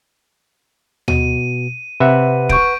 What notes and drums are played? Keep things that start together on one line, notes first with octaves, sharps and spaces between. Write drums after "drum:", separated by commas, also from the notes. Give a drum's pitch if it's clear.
B2 D#7, drum: tom
C3 B4 E5 F#5
C#6 G6 D7, drum: kick